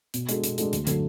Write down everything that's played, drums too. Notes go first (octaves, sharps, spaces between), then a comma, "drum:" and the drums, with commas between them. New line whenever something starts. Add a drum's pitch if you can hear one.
B2, drum: hi-hat
G#3 D4 F#4 A4, drum: hi-hat
B2, drum: hi-hat
G#3 D4 F#4 A4, drum: hi-hat
D2, drum: hi-hat
D3 F#3 A3, drum: hi-hat